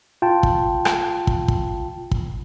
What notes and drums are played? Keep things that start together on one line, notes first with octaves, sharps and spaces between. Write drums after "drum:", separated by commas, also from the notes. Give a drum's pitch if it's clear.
F4 G5 A5
drum: kick
drum: rim click
drum: kick
drum: kick
drum: kick